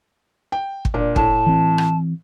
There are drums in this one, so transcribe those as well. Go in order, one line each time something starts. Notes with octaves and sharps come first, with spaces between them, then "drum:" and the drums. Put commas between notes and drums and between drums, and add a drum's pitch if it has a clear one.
G5
drum: kick
A#2 D4
A2 A5, drum: kick
E3 C4
drum: rim click